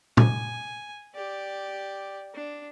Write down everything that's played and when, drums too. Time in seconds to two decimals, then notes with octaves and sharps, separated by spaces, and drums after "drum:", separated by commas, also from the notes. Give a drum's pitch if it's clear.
0.17 G#5, drum: tom A#2
1.15 G4 D5
2.34 D4